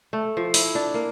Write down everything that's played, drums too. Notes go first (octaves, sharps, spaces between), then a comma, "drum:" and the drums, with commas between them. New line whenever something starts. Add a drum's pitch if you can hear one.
A3
F3
E4, drum: open hi-hat
D4
A#3